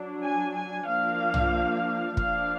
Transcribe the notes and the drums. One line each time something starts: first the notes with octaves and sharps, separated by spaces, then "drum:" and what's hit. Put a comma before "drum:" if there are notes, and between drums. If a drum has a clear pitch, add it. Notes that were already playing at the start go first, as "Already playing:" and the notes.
Already playing: F#3 D4
G#5
G#5
F3 A#3 D4 F5
drum: tom
F3 A#3 D4 F5, drum: kick